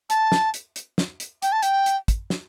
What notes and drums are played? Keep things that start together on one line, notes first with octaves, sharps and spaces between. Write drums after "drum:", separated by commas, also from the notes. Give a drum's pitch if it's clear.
A5, drum: hi-hat
drum: snare
drum: hi-hat
drum: hi-hat
drum: snare
drum: hi-hat
G5, drum: hi-hat
A5
G5, drum: hi-hat
drum: hi-hat
drum: kick, hi-hat
drum: snare